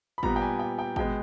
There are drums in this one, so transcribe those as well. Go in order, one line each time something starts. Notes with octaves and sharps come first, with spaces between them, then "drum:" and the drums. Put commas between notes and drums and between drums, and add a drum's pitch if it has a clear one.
B5
A#2 G3 B3 A#5, drum: kick G#1
G5
G#5
G5
G5
B2 G#3 B3 G5, drum: kick G#1